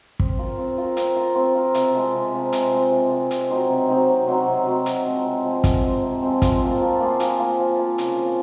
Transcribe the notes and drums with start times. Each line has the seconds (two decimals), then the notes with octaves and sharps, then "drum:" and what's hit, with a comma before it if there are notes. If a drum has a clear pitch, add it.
0.20 C4, drum: kick
0.38 F4 A#4
0.58 C4
0.78 F4 A#4
0.97 C4, drum: hi-hat
1.16 F4 A#4
1.35 C4
1.55 F4 A#4
1.74 C3, drum: hi-hat
1.94 F3 G#3 C4
2.14 C3
2.33 F3 G#3 C4
2.53 C3, drum: hi-hat
2.72 F3 G#3 C4
2.91 C3
3.11 F3 G#3 C4
3.31 C3, drum: hi-hat
3.50 F#3 C4 D#4
3.69 C3
3.89 F#3 C4 D#4
4.08 C3
4.28 F#3 C4 D#4
4.47 C3
4.66 F#3 C4 D#4
4.86 C3, drum: hi-hat
5.06 F3 G#3 C4
5.25 C3
5.45 F3 G#3 C4
5.64 C3, drum: kick, hi-hat
5.83 F3 G#3 C4
6.03 C3
6.22 F3 G#3 C4
6.42 F3, drum: kick, hi-hat
6.61 A#3 F4 G#4
6.81 F3
7.00 A#3 F4 G#4
7.20 F3, drum: hi-hat
7.40 A#3 F4 G#4
7.59 F3
7.78 A#3 F4 G#4
7.98 C#3, drum: hi-hat
8.17 F3 C4